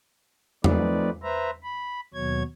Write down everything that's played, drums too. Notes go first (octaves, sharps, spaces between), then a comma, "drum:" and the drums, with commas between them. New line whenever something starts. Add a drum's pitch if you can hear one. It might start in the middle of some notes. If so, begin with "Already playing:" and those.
F3 A3 C4 D#4 B4 D5, drum: tom E2
B4 C5 E5 A#5
B5
D#2 B2 F#3 C#5 G#6